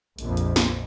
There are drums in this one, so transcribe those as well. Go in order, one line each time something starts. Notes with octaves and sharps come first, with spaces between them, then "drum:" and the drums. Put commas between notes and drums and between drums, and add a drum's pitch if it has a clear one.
A#1 F2, drum: hi-hat
drum: hi-hat
drum: snare